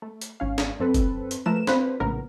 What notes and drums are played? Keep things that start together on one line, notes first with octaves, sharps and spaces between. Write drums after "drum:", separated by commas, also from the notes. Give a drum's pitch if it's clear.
A3
drum: hi-hat
G#1 C#4 F5
drum: snare
F#2 C4 A4 B4
drum: kick, hi-hat
drum: hi-hat
F3 A3 A#4 B4 E7
C4 F4 B4 C5, drum: snare
A#1 A2 C#3 B3 A#4